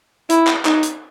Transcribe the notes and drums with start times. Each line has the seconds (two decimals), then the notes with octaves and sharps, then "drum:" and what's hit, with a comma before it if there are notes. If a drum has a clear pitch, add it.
0.30 E4, drum: hi-hat
0.47 drum: clap
0.65 D#4, drum: clap
0.83 drum: hi-hat